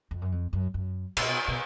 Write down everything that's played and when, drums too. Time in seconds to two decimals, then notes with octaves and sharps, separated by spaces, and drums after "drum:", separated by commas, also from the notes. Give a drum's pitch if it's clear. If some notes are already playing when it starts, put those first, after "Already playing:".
0.11 F2
0.22 F#2
0.32 F2
0.53 F#2
0.74 F#2
1.17 A#2, drum: cymbal
1.27 B2
1.48 B2